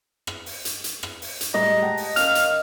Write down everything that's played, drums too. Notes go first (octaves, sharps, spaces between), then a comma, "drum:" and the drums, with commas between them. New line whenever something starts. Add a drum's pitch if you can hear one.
drum: rim click
drum: open hi-hat
drum: hi-hat
drum: hi-hat
drum: rim click
drum: open hi-hat
drum: hi-hat
A2 G3 G#3 D#5 A#5
F#5 G5 A5
drum: open hi-hat
C#4 A#4 F5 F6, drum: hi-hat
drum: hi-hat